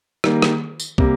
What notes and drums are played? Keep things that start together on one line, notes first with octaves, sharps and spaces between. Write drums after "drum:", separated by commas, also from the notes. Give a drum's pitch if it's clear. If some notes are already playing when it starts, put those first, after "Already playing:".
D#3 G3 A#3, drum: rim click
drum: rim click
drum: tambourine
C3 G3 A#3, drum: kick